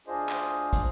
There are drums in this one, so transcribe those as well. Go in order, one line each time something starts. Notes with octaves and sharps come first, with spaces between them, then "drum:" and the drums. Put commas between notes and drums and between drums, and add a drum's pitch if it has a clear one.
D2 D4 F4 G#4 C5 D#5
drum: clap
drum: kick, hi-hat